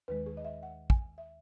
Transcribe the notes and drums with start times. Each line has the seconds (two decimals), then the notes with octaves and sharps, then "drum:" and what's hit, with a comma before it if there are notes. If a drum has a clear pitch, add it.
0.08 D#2 D#3 G#3 B4
0.26 G#4
0.37 D#5
0.45 E5
0.63 F#5
0.90 G#5, drum: kick
1.18 E5